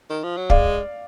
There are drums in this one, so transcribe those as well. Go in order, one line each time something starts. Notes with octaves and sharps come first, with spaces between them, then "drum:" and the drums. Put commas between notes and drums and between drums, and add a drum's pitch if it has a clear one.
D#3
F3
F#3
G#3 D5 F5, drum: kick